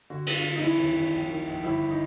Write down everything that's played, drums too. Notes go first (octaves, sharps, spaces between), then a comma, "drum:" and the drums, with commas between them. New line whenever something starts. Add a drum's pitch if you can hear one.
D3 F#4
D3, drum: cymbal
F4
D3
D#4
E3 E4
D#2
D#2
A#1
D#3
A#1
G1 E4
D#4